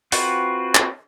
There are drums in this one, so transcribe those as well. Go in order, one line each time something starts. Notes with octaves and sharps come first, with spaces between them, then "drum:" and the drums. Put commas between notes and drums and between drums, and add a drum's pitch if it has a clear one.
C4 F4 F#4 B4, drum: open hi-hat
drum: clap